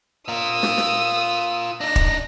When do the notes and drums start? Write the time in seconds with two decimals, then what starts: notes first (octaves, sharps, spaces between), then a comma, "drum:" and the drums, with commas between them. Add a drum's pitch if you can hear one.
0.29 F4 A#4 D#6 E6
0.63 drum: snare
0.78 drum: snare
1.81 D4 D#4 A#6
1.96 drum: kick